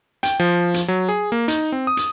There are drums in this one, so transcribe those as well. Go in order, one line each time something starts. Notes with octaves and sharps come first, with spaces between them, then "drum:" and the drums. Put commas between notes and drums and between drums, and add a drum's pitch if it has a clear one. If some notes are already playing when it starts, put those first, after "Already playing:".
G5, drum: hi-hat
F3
drum: hi-hat
F#3
G#4
A#3
D#4, drum: hi-hat
C4
D#6
drum: hi-hat